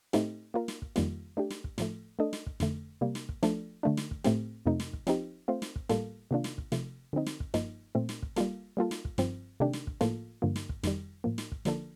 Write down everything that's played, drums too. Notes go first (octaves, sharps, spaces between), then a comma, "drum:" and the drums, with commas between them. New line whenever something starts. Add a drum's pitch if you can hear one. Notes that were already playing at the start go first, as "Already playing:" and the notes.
A2 A3 C4 D#4 G4, drum: snare
A#3 F4 A#4
drum: snare
drum: kick
F2 D#3 G3 A#3 F4, drum: snare
A3 D4 G4
drum: snare
drum: kick
A2 F3 A3, drum: snare
A3 D4 A4 D#5
drum: snare
drum: kick
F2 D3 A3, drum: snare
C3 G3 A#3
drum: snare
drum: kick
F3 A3 D4 A4, drum: snare
D3 A3 D4
drum: snare
drum: kick
A2 A3 C4 G4, drum: snare
F2 C3 F3 A3 D#4
drum: snare
drum: kick
F3 C4 D#4 G4, drum: snare
A3 C4 F4 C5
drum: snare
drum: kick
A2 G3 A#3 F4 A4, drum: snare
C3 D#3 A#3 D4 F4
drum: snare
drum: kick
C3 F3 A3, drum: snare
D3 F3 C4 D#4
drum: snare
drum: kick
G2 F3 A#3 D#4, drum: snare
A#2 A3 C4
drum: snare
drum: kick
G3 A#3 F4 A4, drum: snare
G3 A#3 F4 A4
drum: snare
drum: kick
G2 F3 C4, drum: snare
C3 D#3 A3 D4 G4
drum: snare
drum: kick
A2 F3 A#3 F4 A4, drum: snare
G2 D3 F3 A#3
drum: snare
drum: kick
F2 D#3 G3, drum: snare
A2 F3 A#3
drum: snare
drum: kick
D3 F3 A#3 D4 A4, drum: snare